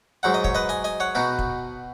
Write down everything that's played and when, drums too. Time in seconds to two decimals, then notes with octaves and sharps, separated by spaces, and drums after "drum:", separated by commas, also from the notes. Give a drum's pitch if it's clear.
0.23 G#2 F#3 D#4 F#5
0.34 D#5
0.44 C#5, drum: kick
0.55 B4 D#5
0.69 D#5 G#5
0.84 D#5 G#5
1.00 C#5 F#5
1.15 B2 B3 D#4 F#4
1.39 drum: kick